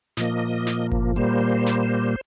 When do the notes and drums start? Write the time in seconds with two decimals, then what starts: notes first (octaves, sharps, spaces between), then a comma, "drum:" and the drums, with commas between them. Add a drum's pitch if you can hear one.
0.17 A#2 F3 A#3 D#5, drum: snare
0.67 drum: snare
0.92 drum: kick G1
1.16 A#2 G3 A#3 C5
1.66 drum: snare